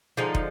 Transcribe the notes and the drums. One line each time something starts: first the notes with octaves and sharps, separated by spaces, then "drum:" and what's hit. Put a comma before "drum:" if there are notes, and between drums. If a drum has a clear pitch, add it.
D3 F3 G#3 D#4
drum: kick